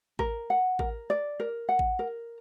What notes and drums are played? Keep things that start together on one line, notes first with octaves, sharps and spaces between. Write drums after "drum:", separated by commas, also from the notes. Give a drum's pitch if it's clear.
A#4, drum: kick A1
F#5
A#4, drum: kick A1
D5
A#4
F#5
drum: kick A1
A#4